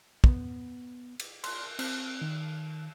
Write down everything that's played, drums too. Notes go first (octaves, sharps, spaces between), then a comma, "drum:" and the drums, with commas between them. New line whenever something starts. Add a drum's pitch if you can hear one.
B3, drum: kick
drum: cymbal
C6, drum: cymbal
C4, drum: cymbal
D#3